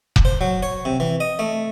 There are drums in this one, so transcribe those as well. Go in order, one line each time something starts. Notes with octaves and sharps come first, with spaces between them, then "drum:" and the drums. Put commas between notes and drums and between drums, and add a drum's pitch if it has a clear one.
drum: kick F1
C5
F#3
C#5
C3
E3
D#5
A3